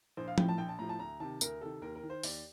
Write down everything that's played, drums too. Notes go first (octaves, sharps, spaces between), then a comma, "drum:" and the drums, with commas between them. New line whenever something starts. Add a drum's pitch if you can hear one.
A#1 C5
F5
A2 F3 G5, drum: tom F3
A5
A#1 G5
A5
A2 F3 A#5
A5
D2 A#5
C3 D#3 A5
D2 A#4, drum: tambourine
C3 D#3 A4
D#2 A#4
A#4
D#3
C5
D#2 D5, drum: open hi-hat